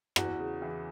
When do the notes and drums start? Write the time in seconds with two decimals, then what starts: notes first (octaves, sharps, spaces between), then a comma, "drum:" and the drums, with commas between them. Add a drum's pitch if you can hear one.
0.16 E2 F#4, drum: rim click
0.39 C#3
0.62 E3